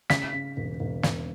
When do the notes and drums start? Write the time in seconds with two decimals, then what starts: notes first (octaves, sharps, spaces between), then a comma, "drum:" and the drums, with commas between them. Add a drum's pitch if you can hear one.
0.10 C#3 B6, drum: snare
0.33 C#3
0.57 E1
0.80 E1
1.03 E1, drum: snare